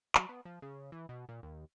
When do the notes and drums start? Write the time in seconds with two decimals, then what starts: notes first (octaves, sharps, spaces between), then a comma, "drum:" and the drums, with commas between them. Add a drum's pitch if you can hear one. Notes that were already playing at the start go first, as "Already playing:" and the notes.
0.15 F#3, drum: clap
0.29 B3
0.45 F3
0.62 C#3
0.92 E3
1.09 B2
1.29 A#2
1.43 D#2